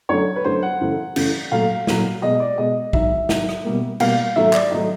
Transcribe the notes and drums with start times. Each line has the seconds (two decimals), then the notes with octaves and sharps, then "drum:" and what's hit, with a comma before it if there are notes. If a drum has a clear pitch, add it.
0.09 F#2 D3 F#3 A3 C#5
0.36 B4
0.45 F#2 D3 F#3 A3 C5
0.63 F#5
0.81 F#2 C#3 E3 A3
1.16 F#2 C#3 E3 A3, drum: cymbal
1.52 A#2 F#3 A3 F5
1.87 A#2 F#3 A3, drum: snare
2.22 B2 G#3 D#5
2.40 D5
2.58 B2 G#3 D#5
2.93 G#2 D#3 F#3 E5, drum: kick
3.29 G#2 D#3 F#3, drum: snare
3.49 drum: rim click
3.64 B2 G3 A#3
4.00 B2 G3 A#3 F5, drum: cymbal
4.36 G#2 D#3 F#3 A3 E5
4.53 D5, drum: clap
4.71 G#2 D#3 F#3 A3 D#5